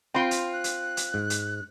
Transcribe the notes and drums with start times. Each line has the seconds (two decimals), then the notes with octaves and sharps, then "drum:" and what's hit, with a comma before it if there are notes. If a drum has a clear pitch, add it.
0.14 C4 F4 G5 B5 C6
0.31 drum: hi-hat
0.53 F#6
0.64 drum: hi-hat
0.97 drum: hi-hat
1.14 G#2
1.30 drum: hi-hat